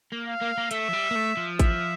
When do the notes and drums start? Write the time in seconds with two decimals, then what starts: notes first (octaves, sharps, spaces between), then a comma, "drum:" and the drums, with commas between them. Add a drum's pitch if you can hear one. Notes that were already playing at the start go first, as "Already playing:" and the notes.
0.12 A#3
0.27 F5
0.41 A#3
0.58 A#3
0.71 A3 E5, drum: hi-hat
0.89 F3
0.93 G3
1.11 A#3
1.15 A3
1.37 F3
1.59 E5, drum: kick G#1, hi-hat